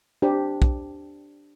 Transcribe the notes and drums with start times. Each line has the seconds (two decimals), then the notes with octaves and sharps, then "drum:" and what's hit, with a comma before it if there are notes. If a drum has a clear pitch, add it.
0.22 D4 G4 C5
0.62 drum: kick